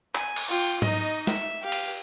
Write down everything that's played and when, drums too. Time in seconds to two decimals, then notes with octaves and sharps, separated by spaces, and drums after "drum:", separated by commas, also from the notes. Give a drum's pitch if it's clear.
0.15 G#5, drum: clap
0.36 drum: cymbal
0.49 F4 G5
0.82 D#4 D#5, drum: tom G#2
1.27 E5, drum: snare
1.62 G4 F5
1.72 drum: cymbal